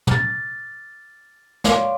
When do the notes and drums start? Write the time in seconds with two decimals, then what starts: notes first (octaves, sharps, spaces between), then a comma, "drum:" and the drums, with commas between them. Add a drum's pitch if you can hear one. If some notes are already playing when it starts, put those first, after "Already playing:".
0.07 D6 F6 A6, drum: tom
1.64 C#5 D5 F5 C6 D6, drum: snare